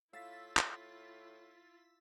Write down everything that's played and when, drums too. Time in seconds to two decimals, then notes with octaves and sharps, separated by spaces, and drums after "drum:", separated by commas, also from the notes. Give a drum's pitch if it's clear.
0.13 A2 E4 F4 F5 E6 A6 B6
0.57 drum: clap